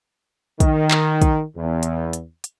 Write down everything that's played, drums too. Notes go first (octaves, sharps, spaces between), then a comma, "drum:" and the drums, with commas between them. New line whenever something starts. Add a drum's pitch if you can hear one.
D#3, drum: kick, hi-hat
drum: clap
drum: kick, hi-hat
E2
drum: hi-hat
drum: hi-hat
drum: hi-hat